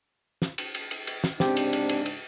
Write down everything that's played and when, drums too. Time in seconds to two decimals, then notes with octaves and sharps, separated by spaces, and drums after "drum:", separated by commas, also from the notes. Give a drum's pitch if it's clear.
0.42 drum: snare
0.58 drum: cymbal
0.75 drum: cymbal
0.91 drum: cymbal
1.07 drum: cymbal
1.24 drum: snare
1.40 G#2 C#3 C4 D4 G4, drum: snare
1.56 drum: cymbal
1.73 drum: cymbal
1.89 drum: cymbal
2.06 drum: cymbal